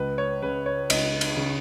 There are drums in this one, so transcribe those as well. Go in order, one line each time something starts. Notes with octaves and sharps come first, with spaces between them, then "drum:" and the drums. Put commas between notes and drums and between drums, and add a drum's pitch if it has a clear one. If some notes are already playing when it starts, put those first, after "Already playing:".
Already playing: C#2 B4
C#5
C#3 B4
C#5
C#2 D#5, drum: cymbal
drum: cymbal
C#3